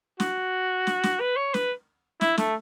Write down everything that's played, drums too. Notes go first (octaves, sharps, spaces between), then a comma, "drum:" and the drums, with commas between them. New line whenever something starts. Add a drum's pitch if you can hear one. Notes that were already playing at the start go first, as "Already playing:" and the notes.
F#4, drum: snare
drum: snare
drum: snare
B4
C#5
B4, drum: snare
E4, drum: snare
A3, drum: snare